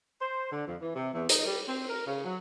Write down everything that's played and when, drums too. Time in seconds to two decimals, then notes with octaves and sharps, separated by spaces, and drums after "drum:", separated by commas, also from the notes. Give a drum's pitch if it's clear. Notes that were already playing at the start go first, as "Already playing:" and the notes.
0.21 C5
0.52 D3
0.67 F2
0.81 E3
0.95 C3
1.13 E2
1.29 D#4, drum: hi-hat
1.46 G3
1.68 C4
1.89 A#4
2.07 C#3
2.24 F#3